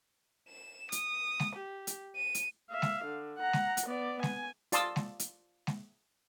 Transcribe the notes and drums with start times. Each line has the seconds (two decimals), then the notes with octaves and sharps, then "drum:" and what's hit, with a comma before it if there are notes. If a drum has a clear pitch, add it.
0.49 E7
0.92 D#6, drum: hi-hat
1.40 drum: snare G#3
1.55 G4
1.87 drum: hi-hat
2.17 D#7
2.35 drum: hi-hat
2.71 E5 F5
2.82 drum: snare G#3
3.05 D3
3.38 F#5 A#5
3.53 drum: snare G#3
3.77 drum: hi-hat
3.86 B3 D5
4.23 G#5, drum: snare G#3
4.72 F4 D5 A5 C6 D#6 E6, drum: hi-hat
4.96 drum: snare G#3
5.19 drum: hi-hat
5.67 drum: snare G#3